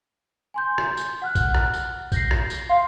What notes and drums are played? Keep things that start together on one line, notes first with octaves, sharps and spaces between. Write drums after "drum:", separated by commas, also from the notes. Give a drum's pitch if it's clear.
G#5 C6 G6
drum: rim click
drum: tambourine
F#5 F6 F#6
drum: kick A1, tambourine
drum: rim click
drum: tambourine
G6 A#6 C7, drum: kick A1, tambourine
drum: rim click
drum: tambourine
F5 C6